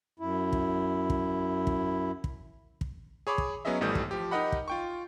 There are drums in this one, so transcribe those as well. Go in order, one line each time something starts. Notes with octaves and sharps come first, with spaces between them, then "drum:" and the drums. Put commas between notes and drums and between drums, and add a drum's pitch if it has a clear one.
F#2 E4
drum: kick
drum: kick
drum: kick
drum: kick
drum: kick
G#4 C#5 B5 D6
drum: kick
F#3 B3 C#4 G#4 D#5 E5
G#1 E3 G3 A3 D#6 G6
drum: kick
F3 G4
D#4 G4 A#4 D#5 F#5 B5
drum: kick
F4 G5 C#6